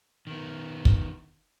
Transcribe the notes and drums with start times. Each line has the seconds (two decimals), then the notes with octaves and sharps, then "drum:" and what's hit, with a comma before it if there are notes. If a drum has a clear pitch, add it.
0.27 D#3 B3
0.85 drum: kick